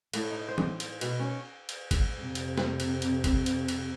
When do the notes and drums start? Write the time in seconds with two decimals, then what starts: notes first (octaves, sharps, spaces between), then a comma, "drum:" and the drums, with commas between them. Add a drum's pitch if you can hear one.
0.13 A2, drum: cymbal
0.30 D#4
0.48 C5
0.58 drum: tom
0.80 drum: cymbal
1.01 B2, drum: cymbal
1.20 C#4
1.69 drum: cymbal
1.91 drum: kick, cymbal
2.18 F2 C3
2.35 drum: cymbal
2.58 drum: snare
2.80 drum: cymbal
3.02 drum: cymbal
3.24 drum: kick, cymbal
3.46 drum: cymbal
3.68 drum: cymbal